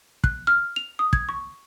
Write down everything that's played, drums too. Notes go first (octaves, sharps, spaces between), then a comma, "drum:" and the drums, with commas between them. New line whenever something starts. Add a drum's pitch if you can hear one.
F#6, drum: kick
F6
F7
D#6
G#6, drum: kick
C#6